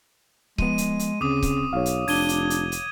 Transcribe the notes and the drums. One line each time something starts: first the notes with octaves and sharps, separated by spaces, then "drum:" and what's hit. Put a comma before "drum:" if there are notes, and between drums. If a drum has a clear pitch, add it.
F3 G#3 B3 D#7, drum: kick C#1
drum: hi-hat
drum: hi-hat
D2 C#3 C4 D6 D#6
drum: kick C#1, hi-hat
B1 C#5 F5
drum: hi-hat
F1 D4 G#6 D#7 G7, drum: open hi-hat
drum: hi-hat
drum: hi-hat
drum: hi-hat